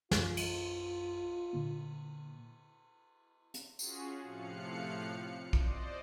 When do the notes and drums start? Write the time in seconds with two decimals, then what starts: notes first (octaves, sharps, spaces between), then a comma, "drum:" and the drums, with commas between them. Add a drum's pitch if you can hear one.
0.11 A#1 F#2 F4, drum: snare
0.37 drum: cymbal
1.53 A#2 D3 A#3
3.54 drum: hi-hat
3.79 C#4 F4 F#4 G#4, drum: tambourine
4.22 A2 C3 F3 F5 F#6 C#7
5.53 C5 D5 D#5, drum: kick